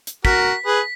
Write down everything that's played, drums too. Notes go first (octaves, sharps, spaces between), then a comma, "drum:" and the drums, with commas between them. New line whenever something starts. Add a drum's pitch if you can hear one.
drum: hi-hat
F#4 A#4 B6, drum: kick
G#4 B4